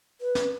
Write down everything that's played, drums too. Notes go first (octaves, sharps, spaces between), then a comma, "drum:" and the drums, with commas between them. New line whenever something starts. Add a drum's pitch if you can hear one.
B4
drum: snare